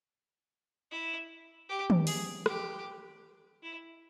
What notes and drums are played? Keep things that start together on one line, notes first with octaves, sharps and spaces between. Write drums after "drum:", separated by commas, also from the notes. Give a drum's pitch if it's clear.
E4
G4
drum: tom
G#4, drum: open hi-hat
G4, drum: rim click
E4